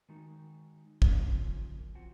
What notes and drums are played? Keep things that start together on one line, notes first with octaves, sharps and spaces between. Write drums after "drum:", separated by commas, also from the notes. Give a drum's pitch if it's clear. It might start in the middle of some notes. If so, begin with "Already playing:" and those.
D#3 G#3 D#4 F#4
C#3 F3 A#3, drum: kick
F3 C4 F#4